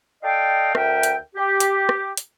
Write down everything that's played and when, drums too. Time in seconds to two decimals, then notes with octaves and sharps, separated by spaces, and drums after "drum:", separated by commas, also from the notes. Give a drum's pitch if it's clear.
0.23 A4 D5 D#5 F5 G5
0.75 D2 A#4 E5 G5, drum: rim click
1.03 drum: hi-hat
1.35 G4
1.60 drum: hi-hat
1.89 drum: rim click
2.17 drum: hi-hat